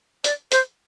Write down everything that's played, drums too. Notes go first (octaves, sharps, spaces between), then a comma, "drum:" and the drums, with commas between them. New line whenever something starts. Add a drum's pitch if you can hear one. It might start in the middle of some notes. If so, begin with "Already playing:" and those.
D5, drum: hi-hat
C5, drum: hi-hat